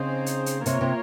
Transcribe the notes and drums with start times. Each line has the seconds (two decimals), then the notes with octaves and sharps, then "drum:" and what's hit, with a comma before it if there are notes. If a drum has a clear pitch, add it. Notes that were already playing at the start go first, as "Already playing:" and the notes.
Already playing: C#3 C4 D#4 G#4 C5
0.26 drum: hi-hat
0.46 drum: hi-hat
0.66 C3 A#3 F4 A#4 C#5, drum: hi-hat
0.81 C3